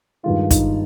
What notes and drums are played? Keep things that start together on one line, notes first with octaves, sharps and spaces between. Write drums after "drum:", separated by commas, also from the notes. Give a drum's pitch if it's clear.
G2 D#3 G#3 F4
D#4, drum: kick, hi-hat